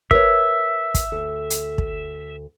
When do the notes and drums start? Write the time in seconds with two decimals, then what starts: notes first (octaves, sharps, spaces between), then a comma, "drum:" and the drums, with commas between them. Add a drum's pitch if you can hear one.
0.11 A#4 B4 C#5 E5, drum: kick
0.94 drum: kick, hi-hat
1.12 D2 A4
1.50 drum: hi-hat
1.78 drum: kick